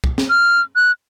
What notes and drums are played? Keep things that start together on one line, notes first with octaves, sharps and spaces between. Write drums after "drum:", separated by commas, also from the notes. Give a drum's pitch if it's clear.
drum: kick
drum: snare
F6
F#6